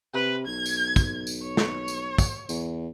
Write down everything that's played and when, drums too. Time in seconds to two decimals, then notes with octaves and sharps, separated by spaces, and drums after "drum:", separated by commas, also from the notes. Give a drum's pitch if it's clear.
0.14 C3 B4
0.47 B1 G#6
0.66 drum: tambourine
0.96 drum: kick, tambourine
1.27 drum: tambourine
1.43 C#5
1.57 drum: snare
1.88 drum: tambourine
2.18 drum: kick, tambourine
2.49 E2, drum: tambourine